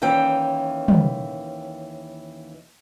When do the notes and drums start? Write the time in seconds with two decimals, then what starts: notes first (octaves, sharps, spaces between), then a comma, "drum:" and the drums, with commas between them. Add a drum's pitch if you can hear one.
0.02 D#2 E3 C#4 G5
0.88 drum: tom